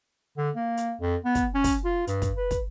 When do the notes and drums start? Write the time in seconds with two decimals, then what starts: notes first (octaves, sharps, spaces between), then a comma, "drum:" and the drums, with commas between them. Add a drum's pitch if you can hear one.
0.37 D3
0.55 A#3
0.77 drum: hi-hat
1.01 F2
1.25 B3
1.35 drum: kick, hi-hat
1.54 C#4
1.64 drum: kick, open hi-hat
1.85 F4
2.07 G2, drum: hi-hat
2.22 drum: kick, hi-hat
2.37 B4
2.51 drum: kick, hi-hat